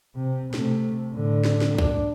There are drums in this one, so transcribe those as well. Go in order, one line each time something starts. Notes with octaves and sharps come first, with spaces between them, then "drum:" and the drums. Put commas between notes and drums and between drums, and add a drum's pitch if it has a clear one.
C3
C3 A3, drum: snare
A2 D3
drum: snare
drum: snare
D4, drum: kick B1